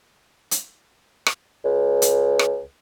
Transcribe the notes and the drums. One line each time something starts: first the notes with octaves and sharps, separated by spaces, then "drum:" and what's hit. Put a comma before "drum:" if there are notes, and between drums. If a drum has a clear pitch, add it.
drum: hi-hat
drum: rim click
C#2
drum: hi-hat
drum: rim click